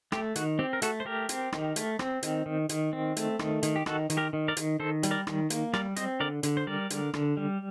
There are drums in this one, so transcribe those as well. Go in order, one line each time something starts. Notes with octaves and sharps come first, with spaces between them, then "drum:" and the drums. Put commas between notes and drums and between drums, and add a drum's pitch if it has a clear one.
A3 G4, drum: rim click
D#3 F#4, drum: hi-hat
C4 G4
A#4
A3 F#4 A4, drum: hi-hat
C5
A3 G4 A#4
C4, drum: hi-hat
D#3, drum: rim click
A3, drum: hi-hat
C4, drum: rim click
D#3, drum: hi-hat
D#3
D#3, drum: hi-hat
C4
A3, drum: hi-hat
D#3, drum: rim click
D#3, drum: hi-hat
G4
D#3 F#4 A4, drum: rim click
D#3, drum: hi-hat
G4 A#4
D#3
A#4 D5
D#3, drum: hi-hat
D#3 A4 C5
G3, drum: hi-hat
A#4 D5
D#3, drum: rim click
A#3, drum: hi-hat
G3 A#4 D5, drum: rim click
C4 C5 D#5, drum: hi-hat
D3 A#4 D5
D3, drum: hi-hat
C5
G3 A#4 D5
D3, drum: hi-hat
D3, drum: rim click
G3